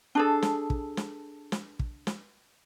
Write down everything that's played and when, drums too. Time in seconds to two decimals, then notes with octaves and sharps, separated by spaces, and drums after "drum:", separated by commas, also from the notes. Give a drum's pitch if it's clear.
0.15 D4 G#4 A4
0.42 drum: snare
0.70 drum: kick
0.97 drum: snare
1.52 drum: snare
1.79 drum: kick
2.07 drum: snare